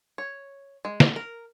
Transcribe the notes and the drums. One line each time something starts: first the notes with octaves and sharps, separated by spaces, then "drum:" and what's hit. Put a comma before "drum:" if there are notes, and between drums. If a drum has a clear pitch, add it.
C#5
G#3
drum: snare
A#4